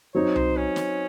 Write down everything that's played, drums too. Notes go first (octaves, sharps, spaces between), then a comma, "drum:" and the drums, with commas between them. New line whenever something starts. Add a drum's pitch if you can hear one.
F#3 C4 D#4 C#5
C5, drum: tom C2
C#4
drum: snare